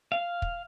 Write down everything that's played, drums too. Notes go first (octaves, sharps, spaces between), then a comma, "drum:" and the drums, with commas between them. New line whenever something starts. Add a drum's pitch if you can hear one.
F5
drum: kick